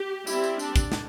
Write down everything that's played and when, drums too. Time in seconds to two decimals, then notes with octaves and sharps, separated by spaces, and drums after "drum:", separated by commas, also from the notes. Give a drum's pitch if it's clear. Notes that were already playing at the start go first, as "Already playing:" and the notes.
Already playing: G4
0.27 G3 C4 E4, drum: tambourine
0.43 drum: tambourine
0.59 D4, drum: tambourine
0.76 drum: kick A1, tambourine
0.92 drum: snare